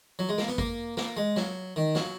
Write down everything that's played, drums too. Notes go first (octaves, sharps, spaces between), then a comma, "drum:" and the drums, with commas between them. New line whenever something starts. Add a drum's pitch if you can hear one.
F#3
G#3
A#3, drum: snare
B3
A#3, drum: kick G#1
A#3, drum: snare
G#3
F#3, drum: snare
D#3
F#3, drum: snare